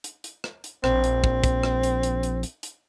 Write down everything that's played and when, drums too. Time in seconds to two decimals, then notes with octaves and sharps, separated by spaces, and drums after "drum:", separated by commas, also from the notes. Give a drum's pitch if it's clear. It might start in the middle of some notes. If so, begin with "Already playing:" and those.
0.04 drum: hi-hat
0.24 drum: hi-hat
0.44 drum: rim click
0.64 drum: hi-hat
0.84 A#1 C4, drum: rim click
1.04 drum: hi-hat
1.24 drum: kick
1.44 drum: kick, hi-hat
1.63 drum: rim click
1.83 drum: hi-hat
2.03 drum: hi-hat
2.23 drum: hi-hat
2.43 drum: hi-hat
2.63 drum: hi-hat